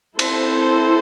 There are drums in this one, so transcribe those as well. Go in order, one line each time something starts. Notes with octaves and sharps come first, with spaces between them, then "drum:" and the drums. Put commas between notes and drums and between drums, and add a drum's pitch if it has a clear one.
C4 E4 A4 C5, drum: cymbal